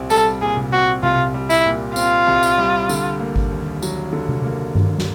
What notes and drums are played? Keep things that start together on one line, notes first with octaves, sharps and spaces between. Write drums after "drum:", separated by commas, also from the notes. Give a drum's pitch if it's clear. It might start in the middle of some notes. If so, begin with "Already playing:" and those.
Already playing: C2 A#2 C4
G3 A4, drum: tambourine
A#2 G#4
drum: tom C3
C4 F#4
C2 F4, drum: tom C3
G3
E4, drum: tambourine
A#2
C4 F4, drum: tambourine
C2
drum: tambourine
G3
D3, drum: tambourine
A#3
drum: kick G#1
D#2
F#3, drum: tambourine
D3
drum: tom C3
A#3
D#2, drum: tom G2
drum: snare